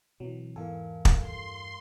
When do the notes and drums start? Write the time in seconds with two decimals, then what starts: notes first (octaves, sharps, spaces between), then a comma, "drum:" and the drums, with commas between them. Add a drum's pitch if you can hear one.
0.20 B2 E3 F#3 C4
0.56 E2 G#2 E3 A4 A#4 F5 G#5
1.05 drum: kick
1.21 G2 C6